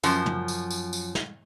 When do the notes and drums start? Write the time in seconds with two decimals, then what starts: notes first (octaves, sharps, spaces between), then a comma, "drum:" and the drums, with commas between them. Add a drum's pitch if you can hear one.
0.04 F#2 F3, drum: tambourine
0.26 drum: tom
0.48 drum: tambourine
0.70 drum: tambourine
0.93 drum: tambourine
1.15 drum: snare